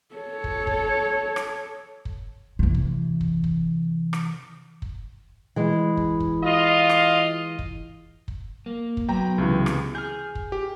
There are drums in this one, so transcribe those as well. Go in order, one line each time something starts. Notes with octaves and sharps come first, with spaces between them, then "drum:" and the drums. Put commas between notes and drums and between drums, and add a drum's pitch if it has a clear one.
A4 C#5
drum: kick
drum: kick
drum: rim click
drum: kick
C3 E3
drum: kick
drum: kick
drum: kick
drum: rim click
drum: kick
E3 G#3
drum: kick
drum: kick
F4 D#5
drum: rim click
drum: kick
drum: kick
A#3
drum: kick
F#3 B3 G5 A#5
C#2 C3 E3
drum: rim click
G#4 F6 G6
drum: kick
G4